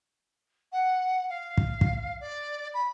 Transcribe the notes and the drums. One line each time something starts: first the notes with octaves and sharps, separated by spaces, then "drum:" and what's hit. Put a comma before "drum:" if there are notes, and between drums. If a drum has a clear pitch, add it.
F#5
F5
drum: kick
drum: kick
D5
B5